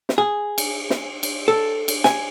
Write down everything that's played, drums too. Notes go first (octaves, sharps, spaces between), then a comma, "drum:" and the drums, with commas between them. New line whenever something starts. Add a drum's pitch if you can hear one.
drum: snare
G#4
drum: cymbal
drum: snare
drum: cymbal
A4
drum: cymbal
G#5, drum: snare